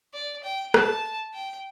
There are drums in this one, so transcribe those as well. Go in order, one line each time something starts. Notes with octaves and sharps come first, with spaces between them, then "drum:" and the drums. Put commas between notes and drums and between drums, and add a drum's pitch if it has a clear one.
D5
G5
A5, drum: rim click
G5